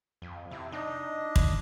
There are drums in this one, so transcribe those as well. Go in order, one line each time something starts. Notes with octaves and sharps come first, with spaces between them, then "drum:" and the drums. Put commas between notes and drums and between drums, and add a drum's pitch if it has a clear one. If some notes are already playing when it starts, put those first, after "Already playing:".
F2
C3 E4
D4 D#4 D#5
drum: kick